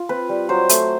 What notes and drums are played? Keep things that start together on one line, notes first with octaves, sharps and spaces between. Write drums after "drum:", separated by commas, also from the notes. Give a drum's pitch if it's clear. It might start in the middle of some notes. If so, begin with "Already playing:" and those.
Already playing: F4
C4 B4
G3
F#3 C5
A3, drum: hi-hat